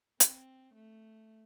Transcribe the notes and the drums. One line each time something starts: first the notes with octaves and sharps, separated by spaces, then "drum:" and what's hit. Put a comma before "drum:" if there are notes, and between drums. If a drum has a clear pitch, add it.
C4, drum: hi-hat
A3